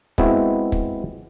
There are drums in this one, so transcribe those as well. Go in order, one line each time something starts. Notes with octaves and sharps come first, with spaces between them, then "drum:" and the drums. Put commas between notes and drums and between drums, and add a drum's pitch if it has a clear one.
G#3 B3 C4 E4 F#4, drum: kick, hi-hat
drum: kick, hi-hat